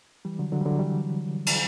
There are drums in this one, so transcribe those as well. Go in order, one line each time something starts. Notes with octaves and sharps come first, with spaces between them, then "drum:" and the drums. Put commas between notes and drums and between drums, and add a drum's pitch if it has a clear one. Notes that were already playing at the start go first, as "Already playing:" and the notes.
E3 G3
D3 F#3
D3 F#3
G3
D3 F#3
E3 G3
drum: cymbal